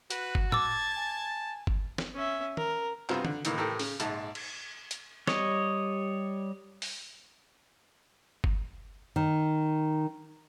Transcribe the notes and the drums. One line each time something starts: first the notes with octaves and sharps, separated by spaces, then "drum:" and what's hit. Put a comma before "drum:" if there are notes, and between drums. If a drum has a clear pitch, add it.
F#4 B4, drum: hi-hat
drum: kick G1
A5 D6 E6 G#6 A6, drum: tom
G#5
drum: kick G1
drum: snare
C#4 E5
A#4, drum: tom
G2 C3 B3 F4 C5 A#5, drum: clap
D3, drum: tom
A2 D#3 E3 A#3, drum: hi-hat
A2 E3 G4 A4 A#4 E6
C#3, drum: open hi-hat
A#1 G#2 A5, drum: hi-hat
drum: cymbal
drum: hi-hat
G3 C#5 D#5, drum: snare
drum: open hi-hat
drum: kick G1
D#3